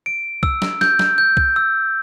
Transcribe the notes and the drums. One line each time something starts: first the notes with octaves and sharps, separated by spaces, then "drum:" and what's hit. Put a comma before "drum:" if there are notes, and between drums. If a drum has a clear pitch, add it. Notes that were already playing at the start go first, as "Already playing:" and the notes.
D7
E6, drum: kick C2
drum: snare
G6, drum: snare
drum: snare
G6
drum: kick C2
E6